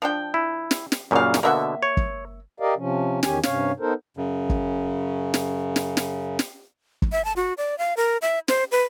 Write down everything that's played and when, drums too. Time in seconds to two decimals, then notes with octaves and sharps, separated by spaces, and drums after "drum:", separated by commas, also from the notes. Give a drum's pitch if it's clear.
0.02 F3 D4 G5
0.34 E4
0.71 drum: snare
0.92 drum: snare
1.11 F#2 A#2 C#3 G3 F5
1.34 drum: snare
1.43 B2 D3 A#3 E5 F#5
1.83 C#5
1.97 drum: kick
2.60 G4 A#4 D5 D#5 F5
2.77 C3 F3 C#4
3.23 E2 D#3 C#4 G4 G#5, drum: snare
3.43 G2 C3 C#4 C#5 F5, drum: snare
3.80 B3 D#4 A4 A#4 C5
4.17 F#2 C#3
4.49 drum: kick
5.34 drum: snare
5.76 drum: snare
5.97 drum: snare
6.39 drum: snare
7.02 drum: kick
7.12 E5
7.25 A5
7.36 F#4
7.57 D5
7.78 F5
7.97 A#4
8.22 E5
8.48 C5, drum: snare
8.72 B4